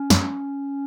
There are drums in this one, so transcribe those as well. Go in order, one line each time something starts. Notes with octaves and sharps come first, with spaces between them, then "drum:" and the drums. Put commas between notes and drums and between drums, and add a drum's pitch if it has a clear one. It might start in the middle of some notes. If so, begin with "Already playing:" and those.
Already playing: C#4
F#2, drum: snare